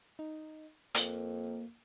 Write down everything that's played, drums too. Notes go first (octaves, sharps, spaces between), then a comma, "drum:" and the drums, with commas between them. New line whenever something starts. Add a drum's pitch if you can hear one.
D#4
F2 A#3, drum: hi-hat